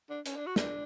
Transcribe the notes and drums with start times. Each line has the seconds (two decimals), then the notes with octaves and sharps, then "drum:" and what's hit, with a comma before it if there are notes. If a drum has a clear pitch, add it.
0.10 D4
0.26 C#4, drum: hi-hat
0.36 D4
0.46 F#4
0.56 D4, drum: snare